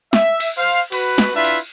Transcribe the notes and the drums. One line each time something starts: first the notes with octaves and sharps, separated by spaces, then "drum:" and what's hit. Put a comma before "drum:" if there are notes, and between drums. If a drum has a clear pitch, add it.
E5, drum: snare
drum: cymbal
C5 F5
F#4 B4, drum: cymbal
drum: snare
D4 E4 F4 B4 E5
drum: cymbal